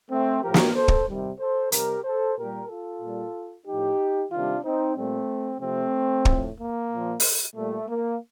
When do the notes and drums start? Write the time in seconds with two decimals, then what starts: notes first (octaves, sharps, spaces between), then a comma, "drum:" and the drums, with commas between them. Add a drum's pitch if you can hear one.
0.11 A3 C4
0.42 A2 F3 G4 A#4
0.54 drum: snare
0.74 A4 C5
0.88 drum: kick
1.08 C3 D#3 G3
1.40 A4 C5
1.72 C3 G3 G4 A#4, drum: hi-hat
2.04 A4 C5
2.37 A#2 G3 G4 A#4
2.69 F4 A4
3.02 A#2 G3
3.66 A2 F3 D#4 G4
4.31 C3 D#3 G3 D4 F4
4.63 C4 D#4
4.96 A#2 G3 A3 C4
5.61 C3 F3 A3 C4
6.25 A2 F3, drum: kick
6.58 A#3
6.91 A#2 F3
7.20 drum: open hi-hat
7.55 A#2 G3 A3
7.88 A#3